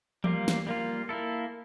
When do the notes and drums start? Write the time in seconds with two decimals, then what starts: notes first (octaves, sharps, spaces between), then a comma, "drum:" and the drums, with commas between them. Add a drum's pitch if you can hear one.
0.24 G3 A#3 F4, drum: tom E3
0.48 drum: snare
0.67 G3 A#3 F4
1.09 A#3 E4 A4